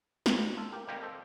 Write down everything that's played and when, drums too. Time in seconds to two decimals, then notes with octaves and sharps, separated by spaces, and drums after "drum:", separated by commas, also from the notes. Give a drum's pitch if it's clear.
0.26 G2 D#3 G3 C4, drum: snare
0.57 F4 A4
0.72 G4 A#4
0.88 F2 D#3 G3 A#3 D#4 G4 A#4
1.03 A4 C5